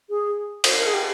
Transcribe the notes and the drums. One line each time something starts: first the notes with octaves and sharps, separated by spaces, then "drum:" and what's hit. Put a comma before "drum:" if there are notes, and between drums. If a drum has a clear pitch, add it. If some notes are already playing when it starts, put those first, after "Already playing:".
G#4
drum: cymbal
A#4
G#4
G4